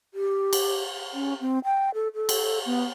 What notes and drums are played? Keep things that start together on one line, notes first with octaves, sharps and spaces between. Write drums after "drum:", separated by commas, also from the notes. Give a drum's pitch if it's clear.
G4
drum: cymbal
C#4
C4
G5
A4
A4
drum: cymbal
B3